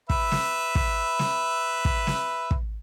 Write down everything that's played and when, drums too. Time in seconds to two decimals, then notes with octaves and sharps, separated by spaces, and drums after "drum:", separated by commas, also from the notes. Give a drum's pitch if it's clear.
0.10 B4 E5, drum: kick
0.32 drum: snare
0.75 drum: kick
1.19 drum: snare
1.85 drum: kick
2.07 drum: snare
2.51 drum: kick